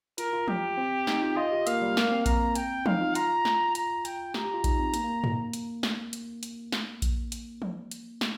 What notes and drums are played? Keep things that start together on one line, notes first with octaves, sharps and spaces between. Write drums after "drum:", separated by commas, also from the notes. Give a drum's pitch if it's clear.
F4 A#4, drum: hi-hat
F4
G4, drum: tom E3
C4
D#4, drum: snare
F4
F4 D#5
G4
A#3 F5, drum: hi-hat
G3
A#3, drum: snare
C4
A#5, drum: kick A#1, hi-hat
G5, drum: hi-hat
D#4 F5, drum: tom
F4
F4 A#5, drum: hi-hat
drum: snare
A#5, drum: hi-hat
G5, drum: hi-hat
G4 A#5, drum: snare
G4
F4
D#4, drum: kick A#1, hi-hat
C4
A#3, drum: hi-hat
A#3
drum: tom G2
drum: hi-hat
drum: snare
drum: hi-hat
drum: hi-hat
drum: snare
drum: kick A#1, hi-hat
drum: hi-hat
drum: tom E3
drum: hi-hat
drum: snare